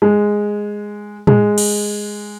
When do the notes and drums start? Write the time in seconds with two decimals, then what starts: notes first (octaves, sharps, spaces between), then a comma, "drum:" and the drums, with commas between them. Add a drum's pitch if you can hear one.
0.02 G#3
1.27 G#3, drum: tom
1.58 drum: cymbal